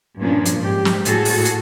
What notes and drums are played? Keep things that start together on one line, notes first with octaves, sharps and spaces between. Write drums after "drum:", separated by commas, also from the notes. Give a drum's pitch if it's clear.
G2 A#2 F3 C#4 D4
drum: hi-hat
G#2 G4
drum: snare
A2 F#4 G#4 A4, drum: hi-hat
drum: open hi-hat
drum: hi-hat